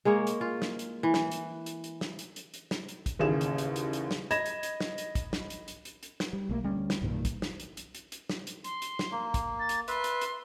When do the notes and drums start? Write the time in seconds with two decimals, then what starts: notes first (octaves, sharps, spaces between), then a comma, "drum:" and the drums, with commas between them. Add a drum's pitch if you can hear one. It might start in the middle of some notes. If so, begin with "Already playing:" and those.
0.05 G#3 A#3 G#4 C#5
0.27 drum: hi-hat
0.41 F4
0.62 drum: snare
0.79 drum: hi-hat
1.03 E3
1.14 drum: snare
1.31 drum: hi-hat
1.66 drum: hi-hat
1.84 drum: hi-hat
2.01 drum: snare
2.19 drum: hi-hat
2.36 drum: hi-hat
2.54 drum: hi-hat
2.71 drum: snare
2.89 drum: hi-hat
3.06 drum: kick, hi-hat
3.19 A1 D#2 C#3 G#4 E7
3.41 drum: hi-hat
3.58 drum: hi-hat
3.76 drum: hi-hat
3.93 drum: hi-hat
4.11 drum: snare
4.31 D#5 B5 G#6 A#6 E7, drum: hi-hat
4.46 drum: hi-hat
4.63 drum: hi-hat
4.80 drum: snare
4.98 drum: hi-hat
5.15 drum: kick, hi-hat
5.33 drum: snare
5.50 drum: hi-hat
5.68 drum: hi-hat
5.85 drum: hi-hat
6.03 drum: hi-hat
6.20 drum: snare
6.33 G3
6.49 B1 A3 A#3
6.64 D2 G3 C#4
6.90 drum: snare
7.01 B1 G2 A#2 D#3
7.25 drum: kick, hi-hat
7.42 drum: snare
7.60 drum: hi-hat
7.77 drum: hi-hat
7.95 drum: hi-hat
8.12 drum: hi-hat
8.30 drum: snare
8.47 drum: hi-hat
8.64 C6, drum: hi-hat
8.82 drum: hi-hat
8.99 drum: snare
9.11 A#3
9.34 drum: kick, hi-hat
9.60 A6
9.69 drum: hi-hat
9.88 B4 E5 C6, drum: hi-hat
10.04 drum: hi-hat
10.21 drum: hi-hat